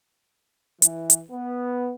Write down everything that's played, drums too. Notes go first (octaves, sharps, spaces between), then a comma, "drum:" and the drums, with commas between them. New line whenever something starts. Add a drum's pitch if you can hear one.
E3, drum: hi-hat
drum: hi-hat
B3